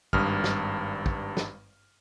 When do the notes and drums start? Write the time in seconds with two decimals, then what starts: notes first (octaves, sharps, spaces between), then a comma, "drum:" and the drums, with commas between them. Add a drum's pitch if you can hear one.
0.13 G#1 G2 D#6 F6, drum: kick
0.44 drum: snare
1.06 drum: kick
1.37 drum: snare